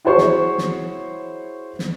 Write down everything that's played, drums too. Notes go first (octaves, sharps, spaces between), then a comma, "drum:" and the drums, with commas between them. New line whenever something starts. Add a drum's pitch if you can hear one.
E4 F#4 G#4 C5 C#5 C#6
drum: snare
drum: snare
drum: snare